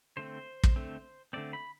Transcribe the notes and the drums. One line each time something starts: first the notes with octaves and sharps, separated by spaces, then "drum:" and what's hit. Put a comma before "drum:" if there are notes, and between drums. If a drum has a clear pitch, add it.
D3 A3 C4 C5
drum: kick
D3 A3 C4
D3 A3 C4 D5
B5